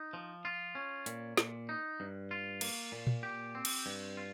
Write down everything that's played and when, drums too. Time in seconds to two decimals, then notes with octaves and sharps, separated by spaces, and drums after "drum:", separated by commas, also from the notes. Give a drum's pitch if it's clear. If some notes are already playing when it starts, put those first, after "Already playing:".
Already playing: D#4
0.13 F3
0.45 F4
0.75 C#4
1.06 A#2, drum: hi-hat
1.37 A#2, drum: snare
1.69 D#4
2.00 G2
2.31 F4
2.61 A#3, drum: cymbal
2.92 A#2
3.07 drum: tom A#2
3.23 G4
3.55 C4
3.65 drum: cymbal
3.86 G2
4.17 F4